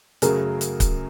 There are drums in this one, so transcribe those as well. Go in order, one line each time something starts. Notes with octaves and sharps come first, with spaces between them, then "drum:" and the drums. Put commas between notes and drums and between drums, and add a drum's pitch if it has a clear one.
F#2 C#3 F#3 A3 G#4 A#4, drum: hi-hat
drum: hi-hat
drum: kick C#1, hi-hat